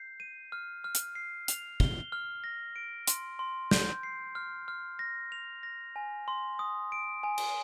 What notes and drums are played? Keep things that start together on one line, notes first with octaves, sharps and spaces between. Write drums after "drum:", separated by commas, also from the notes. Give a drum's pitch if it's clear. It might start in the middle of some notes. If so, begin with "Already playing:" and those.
Already playing: G6 C7
D#7
F6
F6
drum: hi-hat
C7
F7, drum: hi-hat
G7, drum: kick
F6
A#6
D7
C6, drum: hi-hat
C6
G6, drum: snare
C7
F6
F6
A#6
F7
A#6
G#5
C6
D#6
D7
G#5
drum: cymbal